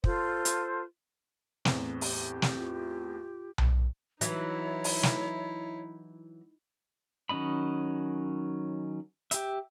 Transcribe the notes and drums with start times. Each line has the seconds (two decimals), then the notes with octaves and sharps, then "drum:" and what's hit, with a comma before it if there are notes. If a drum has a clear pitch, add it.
0.04 F4 A4 C5, drum: kick
0.45 drum: hi-hat
1.65 E2 A2 C4, drum: snare
2.01 G4, drum: open hi-hat
2.42 drum: snare
2.57 F4
3.58 drum: tom B1
4.21 E3 F#3 D#4 E4 C#5, drum: hi-hat
4.84 drum: open hi-hat
5.03 drum: snare
7.29 D#3 F#3 C#4 D#5 B5
9.31 G4 E5, drum: hi-hat